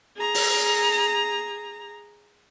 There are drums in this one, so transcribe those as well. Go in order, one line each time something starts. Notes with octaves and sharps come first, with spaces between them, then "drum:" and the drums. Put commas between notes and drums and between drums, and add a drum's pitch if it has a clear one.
G#4 A#5
drum: open hi-hat